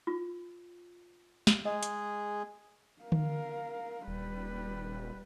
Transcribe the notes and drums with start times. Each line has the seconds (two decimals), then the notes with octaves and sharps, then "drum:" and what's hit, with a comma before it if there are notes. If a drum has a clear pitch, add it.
0.07 F4
1.47 drum: snare
1.65 G#3 G#4 D#5
1.83 drum: hi-hat
3.02 A#4 F5
3.12 drum: tom D3
4.07 D#1 G3 B4